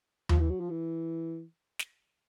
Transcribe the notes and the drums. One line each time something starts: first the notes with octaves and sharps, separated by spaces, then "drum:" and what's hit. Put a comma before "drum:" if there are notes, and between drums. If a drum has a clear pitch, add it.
F3, drum: tom D#2
E3
F#3
F3
E3
drum: snare